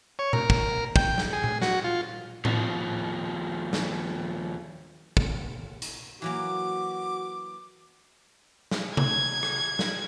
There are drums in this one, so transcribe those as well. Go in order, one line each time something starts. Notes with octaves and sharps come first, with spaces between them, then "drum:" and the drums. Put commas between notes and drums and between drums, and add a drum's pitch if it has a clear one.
C#5
A#4, drum: tom A#2
drum: kick
G5, drum: kick
drum: snare
G#4
drum: tom A#2
F#4, drum: snare
F4
D#2 F3, drum: tom A2
drum: snare
drum: kick
drum: hi-hat
E3 F#3 A#3 F#4 D6
drum: snare
G#6, drum: tom C3
drum: rim click
drum: snare